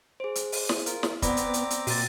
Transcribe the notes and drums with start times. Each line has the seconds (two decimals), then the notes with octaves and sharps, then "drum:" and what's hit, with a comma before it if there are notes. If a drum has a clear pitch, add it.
0.20 G#4 C5
0.35 drum: hi-hat
0.52 drum: open hi-hat
0.69 drum: snare
0.86 F4 A#4, drum: hi-hat
1.03 drum: snare
1.22 B3 C4 D5 A#5 B5 D6, drum: kick, hi-hat
1.37 drum: hi-hat
1.54 drum: hi-hat
1.70 drum: hi-hat
1.87 A#2 F#4 A6, drum: open hi-hat